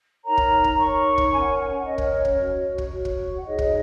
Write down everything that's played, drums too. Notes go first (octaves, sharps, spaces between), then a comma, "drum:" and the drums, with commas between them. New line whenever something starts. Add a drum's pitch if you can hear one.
D#4 A#4 C#5 A#5
drum: kick
drum: kick
D#4 A#4 C#5 C#6
drum: kick
C#4 A#4 C#5 G#5
F#5
G#5
F#5
C#4 A#4 C#5 D#5
drum: kick
C#5
drum: kick
F#4 C#5
drum: kick
F#4 C#5
drum: kick
F#5
D#4 G#4 C#5 D#5
drum: kick